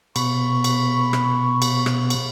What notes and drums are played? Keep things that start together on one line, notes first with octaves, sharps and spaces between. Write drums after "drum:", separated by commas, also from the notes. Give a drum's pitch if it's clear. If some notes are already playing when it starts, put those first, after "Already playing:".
B2 B5 C#6, drum: cymbal
drum: cymbal
drum: rim click
drum: cymbal
drum: rim click
drum: cymbal